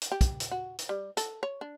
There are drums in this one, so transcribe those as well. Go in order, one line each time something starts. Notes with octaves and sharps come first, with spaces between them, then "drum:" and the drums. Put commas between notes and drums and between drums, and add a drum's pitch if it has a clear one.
drum: hi-hat
G4
drum: kick, hi-hat
drum: hi-hat
F#4
drum: hi-hat
G3
A4, drum: hi-hat
C#5
D4